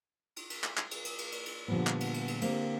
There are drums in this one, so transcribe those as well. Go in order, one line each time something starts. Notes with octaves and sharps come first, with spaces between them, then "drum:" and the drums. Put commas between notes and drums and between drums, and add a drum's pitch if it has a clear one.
drum: cymbal
drum: cymbal
drum: clap
drum: clap
drum: cymbal
drum: cymbal
drum: cymbal
drum: cymbal
drum: cymbal
A#2 D3 F3 G3 B3
drum: clap
drum: cymbal
drum: cymbal
drum: cymbal
D3 A#3 C4 G4, drum: cymbal